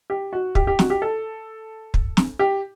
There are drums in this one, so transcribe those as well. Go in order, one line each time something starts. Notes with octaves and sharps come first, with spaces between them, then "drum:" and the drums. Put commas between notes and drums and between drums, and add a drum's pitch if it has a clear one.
G4
F#4
G4, drum: kick
G4
F#4, drum: snare
G4
A4
drum: kick
drum: snare
G4